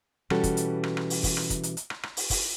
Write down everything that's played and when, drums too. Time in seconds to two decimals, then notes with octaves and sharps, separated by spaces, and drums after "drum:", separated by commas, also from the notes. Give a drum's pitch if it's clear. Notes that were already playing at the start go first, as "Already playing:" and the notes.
0.30 B2 E3 G3 C#4 F#4 A4, drum: rim click
0.44 drum: kick, hi-hat
0.57 drum: hi-hat
0.83 drum: rim click
0.97 drum: rim click
1.10 drum: open hi-hat
1.23 drum: kick, open hi-hat
1.37 drum: rim click
1.50 drum: kick, hi-hat
1.63 drum: hi-hat
1.77 drum: hi-hat
1.90 drum: rim click
2.03 drum: rim click
2.17 drum: open hi-hat
2.30 drum: kick, open hi-hat